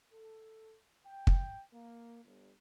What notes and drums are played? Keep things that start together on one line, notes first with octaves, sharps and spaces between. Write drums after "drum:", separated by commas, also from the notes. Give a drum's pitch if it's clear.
A4
G5
drum: kick
A#3
G1